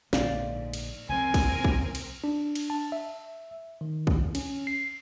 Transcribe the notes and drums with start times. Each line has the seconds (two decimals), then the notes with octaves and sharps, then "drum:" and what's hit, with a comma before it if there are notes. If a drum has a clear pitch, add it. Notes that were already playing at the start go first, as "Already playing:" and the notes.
0.13 A#1 G#2 D3 A#3 D5 F5, drum: snare
0.74 drum: cymbal
1.09 C2 F3 C4 A#4 G#5
1.34 drum: kick, cymbal
1.64 drum: kick
1.95 drum: cymbal
2.24 D4
2.55 drum: cymbal
2.70 A5
2.92 E5
3.81 D#3
4.07 drum: kick
4.35 C#4, drum: cymbal
4.67 C7